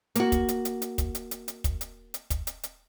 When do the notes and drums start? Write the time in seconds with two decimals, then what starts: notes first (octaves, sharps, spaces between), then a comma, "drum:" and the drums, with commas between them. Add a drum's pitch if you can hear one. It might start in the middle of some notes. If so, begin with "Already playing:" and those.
0.15 A#3 F#4, drum: hi-hat
0.32 drum: kick, hi-hat
0.49 drum: hi-hat
0.65 drum: hi-hat
0.82 drum: hi-hat
0.98 drum: kick, hi-hat
1.15 drum: hi-hat
1.31 drum: hi-hat
1.48 drum: hi-hat
1.64 drum: kick, hi-hat
1.81 drum: hi-hat
2.14 drum: hi-hat
2.30 drum: kick, hi-hat
2.47 drum: hi-hat
2.63 drum: hi-hat